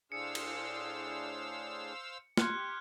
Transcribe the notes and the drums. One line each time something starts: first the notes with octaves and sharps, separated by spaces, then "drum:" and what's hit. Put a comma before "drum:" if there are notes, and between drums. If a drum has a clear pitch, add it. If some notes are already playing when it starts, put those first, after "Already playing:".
A2 D4 G#4 C5 F5 E6 C#7
drum: cymbal
G4 C6 F6 F#6 G#6 C#7, drum: snare